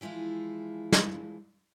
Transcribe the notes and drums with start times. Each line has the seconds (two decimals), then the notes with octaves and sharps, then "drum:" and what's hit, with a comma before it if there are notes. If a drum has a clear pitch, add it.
0.01 E3 F3 G#3 E4 F4
0.92 drum: snare